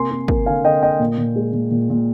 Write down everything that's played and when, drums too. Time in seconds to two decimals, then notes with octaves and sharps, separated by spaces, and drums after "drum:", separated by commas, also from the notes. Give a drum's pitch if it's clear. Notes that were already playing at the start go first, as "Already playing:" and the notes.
Already playing: C3 A#3 G#5 C6
0.11 A#3
0.28 A#3, drum: kick
0.46 D3 F5 G#5
0.64 D3 D#5 G5
0.82 A#3 D#5 G5
1.00 A#2
1.18 A#2
1.36 G#3
1.53 A#2
1.71 A#2
1.90 A#2